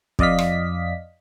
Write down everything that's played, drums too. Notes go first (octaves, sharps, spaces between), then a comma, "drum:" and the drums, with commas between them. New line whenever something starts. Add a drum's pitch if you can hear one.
F2 D5 D#5 F5 B6, drum: kick
drum: rim click